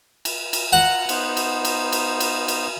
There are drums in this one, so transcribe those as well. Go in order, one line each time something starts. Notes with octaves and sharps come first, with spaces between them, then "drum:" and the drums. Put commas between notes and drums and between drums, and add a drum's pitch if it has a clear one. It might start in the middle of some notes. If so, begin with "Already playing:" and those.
drum: cymbal
drum: cymbal
F4 F#5 A#5
B3 D#4 C5, drum: cymbal
drum: cymbal
drum: cymbal
drum: cymbal
drum: cymbal
drum: cymbal